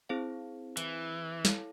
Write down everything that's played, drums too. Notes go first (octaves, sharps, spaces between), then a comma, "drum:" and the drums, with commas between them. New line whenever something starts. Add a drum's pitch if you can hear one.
C4 E4 G#4 C5 F5
E3, drum: hi-hat
E4 A4 C#5 F5, drum: snare